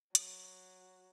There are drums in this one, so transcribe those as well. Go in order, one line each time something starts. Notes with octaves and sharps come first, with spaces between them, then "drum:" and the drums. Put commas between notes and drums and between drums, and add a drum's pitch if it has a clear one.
F#3, drum: hi-hat